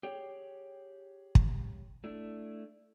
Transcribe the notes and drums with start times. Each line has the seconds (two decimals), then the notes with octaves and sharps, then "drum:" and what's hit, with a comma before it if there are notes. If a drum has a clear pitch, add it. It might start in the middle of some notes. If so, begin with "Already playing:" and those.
0.03 G4 G#4 C#5
1.35 drum: kick
2.04 A3 D4 E4